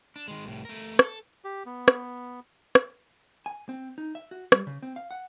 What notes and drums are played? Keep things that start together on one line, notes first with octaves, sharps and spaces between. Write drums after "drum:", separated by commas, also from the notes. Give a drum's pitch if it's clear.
D4
D#3 G#3
C2 A2
A3 A#4
A4, drum: rim click
G4
B3
drum: rim click
drum: rim click
G#5
C4
D#4
E5
F#4
G3, drum: rim click
C#3
C4
F5
F#5